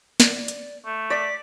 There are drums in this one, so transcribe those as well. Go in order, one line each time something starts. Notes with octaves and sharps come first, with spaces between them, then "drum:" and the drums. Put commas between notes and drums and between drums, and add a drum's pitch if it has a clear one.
D5, drum: snare
drum: hi-hat
A3
D5 B6